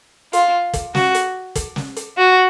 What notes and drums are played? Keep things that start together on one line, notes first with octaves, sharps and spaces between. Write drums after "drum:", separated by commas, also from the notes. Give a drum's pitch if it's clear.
F4, drum: hi-hat
drum: kick, hi-hat
F#4, drum: snare
drum: hi-hat
drum: kick, hi-hat
drum: snare
drum: hi-hat
F#4